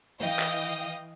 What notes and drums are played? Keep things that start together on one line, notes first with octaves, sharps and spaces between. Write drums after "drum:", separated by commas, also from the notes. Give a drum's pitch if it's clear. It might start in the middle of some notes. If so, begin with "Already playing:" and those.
E3 D#5 F5 G5 D#6
drum: clap